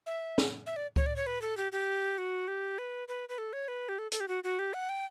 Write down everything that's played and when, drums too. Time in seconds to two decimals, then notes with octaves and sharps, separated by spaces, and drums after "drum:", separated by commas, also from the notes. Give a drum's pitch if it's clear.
0.06 E5
0.38 drum: snare
0.66 E5
0.76 D5
0.96 C#5, drum: kick C#2
1.06 D5
1.16 C#5
1.27 B4
1.42 A4
1.57 G4
1.72 G4
2.18 F#4
2.48 G4
2.78 B4
3.08 B4
3.29 B4
3.38 A4
3.53 C#5
3.68 B4
3.89 G4
3.99 A4
4.12 A4, drum: hi-hat
4.20 G4
4.28 F#4
4.44 F#4
4.59 G4
4.74 F#5
4.89 G5